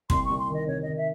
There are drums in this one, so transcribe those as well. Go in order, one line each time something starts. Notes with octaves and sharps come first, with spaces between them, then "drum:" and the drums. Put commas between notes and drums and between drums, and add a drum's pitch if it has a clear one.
C2 C6, drum: kick
C2 C#6
C6
D#3
D#5
C3 C#5
D#3 D#5
E5